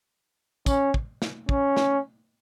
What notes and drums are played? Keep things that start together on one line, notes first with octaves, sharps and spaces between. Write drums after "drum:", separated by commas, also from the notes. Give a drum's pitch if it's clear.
C#4, drum: kick, tambourine
drum: kick
drum: snare
C#4, drum: kick
drum: snare